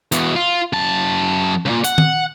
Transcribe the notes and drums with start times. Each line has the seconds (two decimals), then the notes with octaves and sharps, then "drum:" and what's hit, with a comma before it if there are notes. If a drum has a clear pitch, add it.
0.12 E2 B2, drum: hi-hat
0.36 F4
0.73 F#2 A5
1.66 C#2 A#2
1.84 F#5, drum: hi-hat
1.98 drum: tom D#3